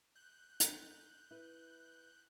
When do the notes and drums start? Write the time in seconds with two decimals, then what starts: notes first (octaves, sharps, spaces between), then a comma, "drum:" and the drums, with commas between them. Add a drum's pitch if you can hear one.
0.15 F#6 G6
0.60 drum: hi-hat
1.31 E4 B4